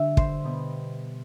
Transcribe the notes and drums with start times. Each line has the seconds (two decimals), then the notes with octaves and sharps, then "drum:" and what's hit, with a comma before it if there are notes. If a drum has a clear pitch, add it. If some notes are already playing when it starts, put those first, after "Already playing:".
Already playing: D3 G3 E5
0.17 C5, drum: kick
0.44 B2 G3 B3